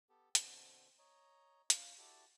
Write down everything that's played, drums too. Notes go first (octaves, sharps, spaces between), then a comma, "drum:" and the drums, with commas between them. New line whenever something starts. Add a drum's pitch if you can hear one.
B3 G4 A4
B2 D3 C4, drum: hi-hat
C#5 D#5 A#5
C#4 F4 F5, drum: hi-hat
E4 F#4 G4 A4 D5 A5